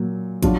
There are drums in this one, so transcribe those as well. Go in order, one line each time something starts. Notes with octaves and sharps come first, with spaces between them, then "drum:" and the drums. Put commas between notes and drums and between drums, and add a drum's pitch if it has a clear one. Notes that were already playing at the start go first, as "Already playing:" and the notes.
Already playing: A#2 F#3
F#3 D4 F4, drum: kick, hi-hat